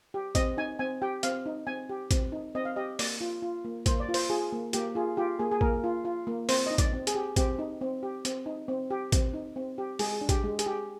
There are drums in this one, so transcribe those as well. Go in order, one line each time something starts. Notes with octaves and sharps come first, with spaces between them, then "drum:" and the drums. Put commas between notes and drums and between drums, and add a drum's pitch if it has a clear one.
G4
C4 D#5, drum: kick A1, hi-hat
D#4 G#5
C4 G#5
G4 G5
C4 F5, drum: hi-hat
D#4
C4 G#5
G4
C4, drum: kick A1, hi-hat
D#4
C4 D#5
F5
G4 D#5
A#3 D5, drum: open hi-hat
F4
F4
A#3
A#3 C5, drum: kick A1, hi-hat
D5
F4
C5, drum: open hi-hat
F4 G#4
A#3
A#3 G4, drum: hi-hat
F4 G#4
F4 G4
A#3 G#4
G#4
A#3 A#4, drum: kick A1
F4
F4
A#3
C4 C5, drum: open hi-hat
D#4 D#5
D5, drum: kick A1, hi-hat
C4
G#4, drum: hi-hat
G4
C4 G4, drum: kick A1, hi-hat
D#4
C4
G4
C4, drum: hi-hat
D#4
C4
G4
C4, drum: kick A1, hi-hat
D#4
C4
G4
G#3 G#4, drum: open hi-hat
D4
G4, drum: kick A1, hi-hat
G#3
G#4, drum: hi-hat
G4